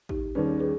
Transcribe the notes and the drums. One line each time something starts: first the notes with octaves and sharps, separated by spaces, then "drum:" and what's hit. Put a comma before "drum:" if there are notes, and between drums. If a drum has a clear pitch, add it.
D#4 G4, drum: kick A1
D#2 D#3 G3 C#4 G#4 B4
G#4 B4